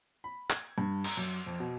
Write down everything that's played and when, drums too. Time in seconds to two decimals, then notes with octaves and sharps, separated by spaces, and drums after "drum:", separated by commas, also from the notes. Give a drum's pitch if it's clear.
0.24 B5
0.50 G#6, drum: clap
0.78 G2
1.04 A#5, drum: cymbal
1.17 F#2
1.46 F2
1.60 B2